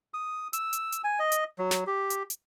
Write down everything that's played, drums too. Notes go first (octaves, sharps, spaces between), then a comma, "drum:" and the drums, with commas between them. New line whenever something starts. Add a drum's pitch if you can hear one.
D#6
E6, drum: hi-hat
drum: hi-hat
drum: hi-hat
G#5
D#5
drum: hi-hat
F#3
drum: snare
G4
drum: hi-hat
drum: hi-hat